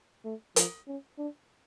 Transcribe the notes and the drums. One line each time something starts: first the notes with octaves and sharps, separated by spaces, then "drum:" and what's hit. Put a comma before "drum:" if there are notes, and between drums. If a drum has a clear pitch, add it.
A3
F3, drum: hi-hat
C#4
D4